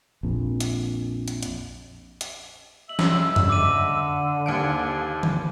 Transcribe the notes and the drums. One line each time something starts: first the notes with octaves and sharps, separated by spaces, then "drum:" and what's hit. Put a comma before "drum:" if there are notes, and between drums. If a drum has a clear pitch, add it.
A#1 F2
drum: hi-hat
drum: hi-hat
drum: hi-hat
drum: hi-hat
D#5 E5 E6 F#7
drum: snare
drum: tom F2
D3 D6 D#7
D#2 C5 F5 G#5 C#7 D7
drum: tom D3